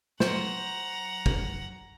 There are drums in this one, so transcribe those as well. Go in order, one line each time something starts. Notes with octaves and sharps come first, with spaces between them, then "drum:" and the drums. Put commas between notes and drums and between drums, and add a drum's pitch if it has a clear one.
F#3 C5 F#5 A#5, drum: snare
drum: kick